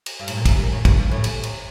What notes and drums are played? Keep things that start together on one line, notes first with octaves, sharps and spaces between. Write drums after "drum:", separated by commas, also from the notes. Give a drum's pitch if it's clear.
drum: cymbal
G2
A2, drum: cymbal
A#2
C3, drum: kick, cymbal
A#2
A2
G2, drum: kick, cymbal
G2
A2
drum: cymbal
drum: cymbal